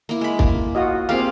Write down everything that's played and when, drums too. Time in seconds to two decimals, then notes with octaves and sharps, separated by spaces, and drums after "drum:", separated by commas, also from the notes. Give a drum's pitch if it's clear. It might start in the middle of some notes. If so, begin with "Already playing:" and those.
0.09 A#3 E4
0.21 G#3 B5
0.39 A#3, drum: kick
0.75 F4 F#4 D#5
1.09 A#3 C4 F4 G4 G#4 F5